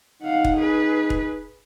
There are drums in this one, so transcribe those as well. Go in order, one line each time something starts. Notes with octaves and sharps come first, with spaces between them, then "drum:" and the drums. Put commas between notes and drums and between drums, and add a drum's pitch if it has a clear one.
D#4 F5 F#5
drum: kick
G#4 B4
drum: kick